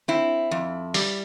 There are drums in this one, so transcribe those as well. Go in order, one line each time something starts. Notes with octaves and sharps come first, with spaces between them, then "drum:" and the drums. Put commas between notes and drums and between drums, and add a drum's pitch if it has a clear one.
C4 E4
F2
G3, drum: open hi-hat